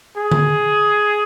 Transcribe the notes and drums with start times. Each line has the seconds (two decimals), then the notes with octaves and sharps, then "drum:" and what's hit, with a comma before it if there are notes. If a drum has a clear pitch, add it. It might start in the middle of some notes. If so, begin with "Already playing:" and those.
0.17 G#4
0.32 drum: tom D3